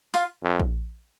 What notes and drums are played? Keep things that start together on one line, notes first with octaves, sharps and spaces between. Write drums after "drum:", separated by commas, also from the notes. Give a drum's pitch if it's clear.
F4 F5, drum: open hi-hat
F2
drum: kick A#1